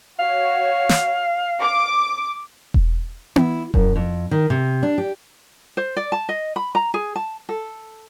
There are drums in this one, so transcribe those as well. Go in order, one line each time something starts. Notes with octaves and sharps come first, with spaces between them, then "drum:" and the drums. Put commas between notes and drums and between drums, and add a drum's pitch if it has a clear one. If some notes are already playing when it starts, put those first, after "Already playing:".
F#4 C#5 F5
drum: snare
D6
drum: kick E1
E4, drum: tom B3
F#2, drum: kick E1
F2
D#3
C3
D4
G4
C5
D5
A5
D#5
B5
A#5
G#4
A5
A4